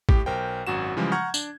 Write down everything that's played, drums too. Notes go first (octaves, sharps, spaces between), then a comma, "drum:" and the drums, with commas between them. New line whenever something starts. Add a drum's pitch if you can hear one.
A2 G4, drum: kick A1
B1 A#4 C5 G5
G#1 F#2 F#4 E7
C#3 E3 F3 G3 G#3
F#5 A#5 C#6 F6 G6 G#6
D4, drum: tambourine